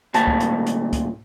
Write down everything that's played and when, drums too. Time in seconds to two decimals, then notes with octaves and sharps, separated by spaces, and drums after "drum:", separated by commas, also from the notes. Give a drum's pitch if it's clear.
0.14 D2 A#2 A5, drum: hi-hat
0.27 drum: kick
0.40 drum: hi-hat
0.67 drum: hi-hat
0.93 drum: kick, hi-hat